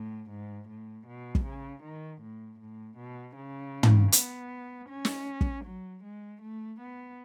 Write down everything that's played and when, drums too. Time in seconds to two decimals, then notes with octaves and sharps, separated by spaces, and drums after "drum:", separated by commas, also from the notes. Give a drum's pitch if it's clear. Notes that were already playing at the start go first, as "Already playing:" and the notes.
Already playing: A2
0.30 G#2
0.68 A2
1.07 B2
1.35 drum: kick
1.45 C#3
1.83 D#3
2.21 A2
2.59 A2
2.97 B2
3.36 C#3
3.83 drum: tom
4.12 B3, drum: hi-hat
4.89 C#4
5.05 drum: snare
5.41 drum: kick
5.64 F#3
6.03 G#3
6.42 A3
6.80 B3